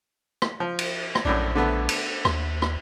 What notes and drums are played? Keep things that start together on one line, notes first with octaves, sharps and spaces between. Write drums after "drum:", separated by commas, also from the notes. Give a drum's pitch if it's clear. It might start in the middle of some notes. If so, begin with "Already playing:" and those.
drum: rim click
F3
drum: cymbal
drum: rim click
A#1 F#2 A2 D4
D3 A3 B3
drum: cymbal
D#2, drum: rim click
drum: rim click